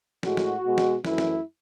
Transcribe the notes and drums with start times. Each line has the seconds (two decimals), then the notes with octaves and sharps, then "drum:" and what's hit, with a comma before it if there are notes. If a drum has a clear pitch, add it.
0.23 A2 G#3 F#4, drum: snare
0.37 drum: snare
0.65 B2 G#3
0.78 drum: snare
1.05 F#2 E3 A3 E4, drum: snare
1.18 drum: snare